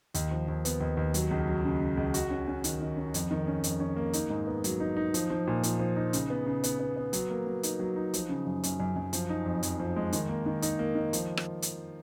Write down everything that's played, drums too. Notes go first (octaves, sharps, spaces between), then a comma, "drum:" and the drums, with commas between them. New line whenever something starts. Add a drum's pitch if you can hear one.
D#2, drum: hi-hat
F3
D#2
B3, drum: hi-hat
D#2
D#2
F#3, drum: hi-hat
C#2
F#3
C#3
C#3
C#2
F#4, drum: hi-hat
C#4
C#4
D#3, drum: hi-hat
D#3
C#4
F2, drum: hi-hat
D#3
C#4
F2, drum: hi-hat
C#4
A#3
D#4, drum: hi-hat
G#2
B3
F#3, drum: hi-hat
D#4
D#4
F3, drum: hi-hat
F3
A#2
F3, drum: hi-hat
F3
D#4
C#3, drum: hi-hat
B3
C#3
B3, drum: hi-hat
B3
B3
F#3, drum: hi-hat
A#3
F#3
D#4, drum: hi-hat
F#3
D#4
F3, drum: hi-hat
C#3
F#2
F#2, drum: hi-hat
F#2
F#2
F3, drum: hi-hat
D#4
F2
F2, drum: hi-hat
F3
G#3
D#3, drum: hi-hat
A#3
D#3
D#4, drum: hi-hat
A#3
D#3
F3, drum: hi-hat
drum: rim click
drum: hi-hat